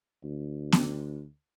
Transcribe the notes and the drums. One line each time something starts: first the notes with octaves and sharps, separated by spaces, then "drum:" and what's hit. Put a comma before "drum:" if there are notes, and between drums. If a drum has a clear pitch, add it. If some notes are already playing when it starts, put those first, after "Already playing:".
D2
drum: snare B3